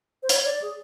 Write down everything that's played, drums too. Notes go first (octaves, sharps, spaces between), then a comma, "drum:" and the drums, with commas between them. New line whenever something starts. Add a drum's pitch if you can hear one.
C5
C#5, drum: hi-hat
D5
G#4